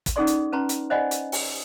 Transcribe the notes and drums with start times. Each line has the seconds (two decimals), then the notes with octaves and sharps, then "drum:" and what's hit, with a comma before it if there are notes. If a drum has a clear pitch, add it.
0.06 drum: kick, hi-hat
0.16 C#4 D#4 G#4 A4 D5 C6
0.27 drum: hi-hat
0.52 C#4 B4 A5 A#5 C6
0.69 drum: hi-hat
0.90 C5 D5 D#5 F#5 G#5 B5
1.11 drum: hi-hat
1.32 drum: open hi-hat